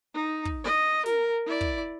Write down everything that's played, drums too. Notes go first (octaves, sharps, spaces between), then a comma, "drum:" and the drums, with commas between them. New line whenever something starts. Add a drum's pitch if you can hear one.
D#4
drum: kick
D#5
A#4, drum: snare
E4 D5
drum: kick